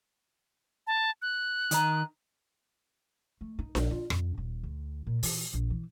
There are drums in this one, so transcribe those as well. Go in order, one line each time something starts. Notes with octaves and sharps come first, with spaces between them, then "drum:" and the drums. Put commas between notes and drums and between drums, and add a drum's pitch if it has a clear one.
A5
F#6
D#3 D5 A#5, drum: hi-hat
A3
D#4
A#1, drum: snare D4
F4
F2, drum: rim click
D#1
D2
A#2
E3, drum: open hi-hat
A#1
E3